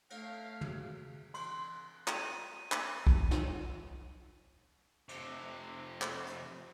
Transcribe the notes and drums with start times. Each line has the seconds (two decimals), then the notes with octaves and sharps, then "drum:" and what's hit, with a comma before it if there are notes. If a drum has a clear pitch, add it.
0.10 A3 F5, drum: cymbal
0.61 C#3 F#4 G#4, drum: tom
1.34 C6, drum: cymbal
2.08 D#7, drum: clap
2.72 drum: clap
3.07 drum: kick
3.31 drum: snare
5.09 F2 C3, drum: cymbal
6.02 drum: clap
6.26 drum: hi-hat